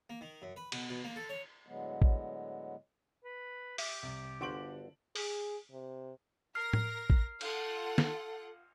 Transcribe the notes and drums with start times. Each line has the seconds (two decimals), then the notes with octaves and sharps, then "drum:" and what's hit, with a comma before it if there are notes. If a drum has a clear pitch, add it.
0.10 A#3
0.21 D#3
0.42 F#2
0.56 B4
0.72 B2, drum: cymbal
0.90 B2
1.04 A#3
1.16 A4
1.29 C#5
1.66 A2 D3 F#3 G#3 B3
2.02 drum: kick
3.24 B4
3.78 G4 E5, drum: open hi-hat
4.03 C2
4.41 G1 D3 F#4 C5 D7 F#7
5.16 G#4, drum: open hi-hat
5.72 C3
6.55 A#4 F6 A#6 C7
6.73 drum: tom A2
7.10 drum: kick
7.41 F4 A4 F#5, drum: cymbal
7.98 drum: snare